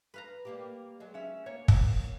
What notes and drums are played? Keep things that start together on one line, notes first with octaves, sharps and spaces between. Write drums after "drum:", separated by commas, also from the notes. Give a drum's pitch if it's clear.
B4 F5 A#5
G3 A#3 G4
F#3 G#3
C#4 E5
A#3 C#5
drum: kick